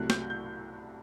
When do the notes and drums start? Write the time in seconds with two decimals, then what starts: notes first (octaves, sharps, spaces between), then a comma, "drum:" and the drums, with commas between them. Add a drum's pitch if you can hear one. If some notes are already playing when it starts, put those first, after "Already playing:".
Already playing: C2 C3 F#3 A3 F#6
0.10 G6, drum: snare
0.30 G6